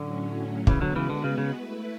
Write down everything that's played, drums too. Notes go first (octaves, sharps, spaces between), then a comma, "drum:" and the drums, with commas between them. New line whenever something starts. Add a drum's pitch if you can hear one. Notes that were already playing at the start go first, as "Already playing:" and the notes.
Already playing: A2 D3 F#3 C#4
C#3 E3 G#3 B3 F#4 B4, drum: kick
D3 F#3
C#3 E3
D3
C#3
C#3
A3 E4 B4